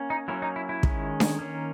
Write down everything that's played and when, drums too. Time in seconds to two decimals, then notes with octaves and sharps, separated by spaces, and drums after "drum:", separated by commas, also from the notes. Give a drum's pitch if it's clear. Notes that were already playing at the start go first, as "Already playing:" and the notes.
Already playing: A#3 C#4
0.10 D#4
0.28 F#3 A#3 C#4 E4
0.42 D#4
0.56 E4
0.69 E4
0.83 D#3 G#3 C#4, drum: kick
1.20 drum: snare D4
1.39 D#3 A#3 C#4